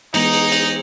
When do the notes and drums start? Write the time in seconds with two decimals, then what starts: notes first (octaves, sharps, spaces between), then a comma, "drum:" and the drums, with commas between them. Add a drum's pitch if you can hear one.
0.14 E3 G#3 B3 D#4, drum: cymbal
0.33 drum: cymbal
0.52 drum: cymbal